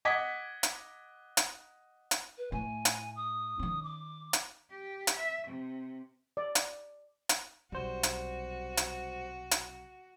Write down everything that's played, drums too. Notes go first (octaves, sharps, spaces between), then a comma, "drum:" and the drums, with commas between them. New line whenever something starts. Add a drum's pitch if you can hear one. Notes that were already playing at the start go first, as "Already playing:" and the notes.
D#5 F#5 D6 G#6 B6
drum: hi-hat
drum: hi-hat
drum: hi-hat
B4
A2 G#5
drum: hi-hat
D#6
D#3 C#4
D6
drum: hi-hat
G4
drum: hi-hat
E5
C3
D5
drum: hi-hat
drum: hi-hat
B1 C3 G3 F#4 C5
drum: hi-hat
drum: hi-hat
drum: hi-hat